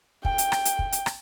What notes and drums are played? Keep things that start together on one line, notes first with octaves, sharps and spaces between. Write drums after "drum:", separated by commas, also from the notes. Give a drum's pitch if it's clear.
G5, drum: kick
drum: hi-hat
drum: rim click
drum: hi-hat
drum: kick
drum: hi-hat
drum: rim click